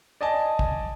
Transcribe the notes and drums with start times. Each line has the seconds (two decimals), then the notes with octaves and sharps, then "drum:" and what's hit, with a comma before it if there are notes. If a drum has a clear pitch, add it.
0.21 D5 D#5 G#5 A5
0.59 drum: kick